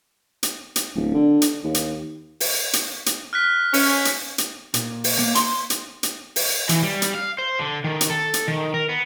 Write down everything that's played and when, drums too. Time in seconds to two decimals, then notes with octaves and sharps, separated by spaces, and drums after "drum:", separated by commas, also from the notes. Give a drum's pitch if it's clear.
0.43 drum: hi-hat
0.76 drum: hi-hat
0.96 D1
1.14 D3
1.42 drum: hi-hat
1.64 D#2
1.75 drum: hi-hat
2.40 drum: open hi-hat
2.73 drum: hi-hat
3.06 drum: hi-hat
3.33 F6 F#6 B6
3.74 C#4 C#7, drum: open hi-hat
4.05 drum: hi-hat
4.38 drum: hi-hat
4.74 A#2, drum: hi-hat
5.04 drum: open hi-hat
5.19 A#3
5.35 C6, drum: hi-hat
5.70 drum: hi-hat
6.03 drum: hi-hat
6.36 drum: open hi-hat
6.69 E3, drum: hi-hat
6.83 G3
7.02 drum: hi-hat
7.15 F5
7.39 C5
7.59 D3
7.84 D#3
8.01 drum: hi-hat
8.10 A4
8.34 drum: hi-hat
8.48 D#3
8.74 A#4
8.89 B3